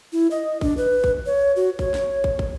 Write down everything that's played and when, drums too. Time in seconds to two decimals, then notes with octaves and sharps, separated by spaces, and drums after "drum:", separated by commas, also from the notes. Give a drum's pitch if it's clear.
0.13 E4
0.31 D#5
0.61 D4, drum: kick
0.77 B4
1.04 drum: kick
1.26 C#5
1.56 F#4
1.79 C#5, drum: kick
1.94 drum: snare
2.24 drum: kick
2.39 drum: kick